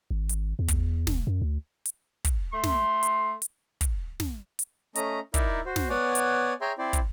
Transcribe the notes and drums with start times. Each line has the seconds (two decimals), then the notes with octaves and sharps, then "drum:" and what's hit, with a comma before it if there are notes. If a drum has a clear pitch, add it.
0.11 G#1
0.29 drum: hi-hat
0.59 E2
0.68 drum: kick, hi-hat
1.07 E1, drum: snare
1.27 F#2
1.42 D2
1.85 drum: hi-hat
2.25 drum: kick, hi-hat
2.52 A3 C6
2.64 drum: snare
3.03 drum: hi-hat
3.42 drum: hi-hat
3.81 drum: kick, hi-hat
4.20 drum: snare
4.59 drum: hi-hat
4.95 A3 C#4 D#5 A#5, drum: hi-hat
5.34 D#4 E4 A#4 D5 E5, drum: kick, hi-hat
5.66 F#4 C5
5.76 drum: snare
5.89 B3 C#5 D5 F#5 G#5
6.15 drum: hi-hat
6.61 G#4 C#5 E5 G5 A#5 C6
6.78 C4 E4 C5 D5
6.93 drum: kick, hi-hat